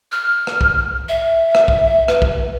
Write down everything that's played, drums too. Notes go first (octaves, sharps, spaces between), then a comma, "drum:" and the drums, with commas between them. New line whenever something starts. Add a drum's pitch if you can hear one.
F6
drum: rim click
drum: kick
E5
drum: rim click
drum: kick
B4, drum: rim click
drum: kick